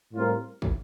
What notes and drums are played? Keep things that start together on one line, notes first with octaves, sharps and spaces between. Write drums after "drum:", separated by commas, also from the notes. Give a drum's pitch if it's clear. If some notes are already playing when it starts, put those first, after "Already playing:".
A2 G3 C4 F4 A#4
drum: kick